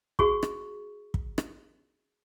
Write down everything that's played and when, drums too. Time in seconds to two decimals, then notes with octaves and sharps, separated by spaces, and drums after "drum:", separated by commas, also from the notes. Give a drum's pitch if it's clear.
0.19 F#4 G#4 C#6, drum: kick
0.43 drum: rim click
1.14 drum: kick
1.38 drum: rim click